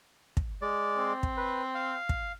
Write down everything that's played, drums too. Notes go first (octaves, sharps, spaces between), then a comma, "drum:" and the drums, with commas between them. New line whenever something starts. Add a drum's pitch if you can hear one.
drum: kick
G#3 D5
C4
drum: kick
B4
F5
drum: kick